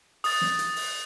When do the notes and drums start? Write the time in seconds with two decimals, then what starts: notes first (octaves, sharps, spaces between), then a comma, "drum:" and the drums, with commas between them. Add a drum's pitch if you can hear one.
0.24 D#6 A6, drum: open hi-hat
0.41 drum: snare
0.59 drum: hi-hat
0.76 drum: open hi-hat